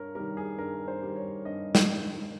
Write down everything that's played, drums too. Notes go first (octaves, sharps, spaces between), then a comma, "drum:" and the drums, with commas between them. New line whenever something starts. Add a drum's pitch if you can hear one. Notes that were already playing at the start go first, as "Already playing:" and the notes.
Already playing: G2 A#4 C#5
D#3 G3 A#4
G#4
G2 A#4
C5
D#3 G3
C#5
G2 D#5
drum: snare
D#3 G3